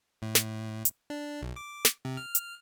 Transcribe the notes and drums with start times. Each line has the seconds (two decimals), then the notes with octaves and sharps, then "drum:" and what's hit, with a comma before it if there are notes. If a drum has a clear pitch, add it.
0.22 A2
0.35 drum: snare
0.85 drum: hi-hat
1.10 D4
1.42 B1
1.56 D6
1.85 drum: snare
2.05 C3
2.17 F6
2.35 drum: hi-hat